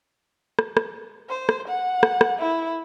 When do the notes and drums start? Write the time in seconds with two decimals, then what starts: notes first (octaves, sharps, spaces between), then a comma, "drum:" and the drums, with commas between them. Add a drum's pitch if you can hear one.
0.59 drum: rim click
0.77 drum: rim click
1.29 C5
1.49 drum: rim click
1.68 F#5
2.03 drum: rim click
2.21 drum: rim click
2.39 E4